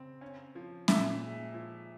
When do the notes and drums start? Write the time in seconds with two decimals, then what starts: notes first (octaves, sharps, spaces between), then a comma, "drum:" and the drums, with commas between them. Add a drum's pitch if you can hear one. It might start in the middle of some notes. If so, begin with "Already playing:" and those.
Already playing: C#3 C4
0.21 C#4
0.55 F3
0.88 A#2 E5, drum: snare C#4
1.21 G#3
1.54 F3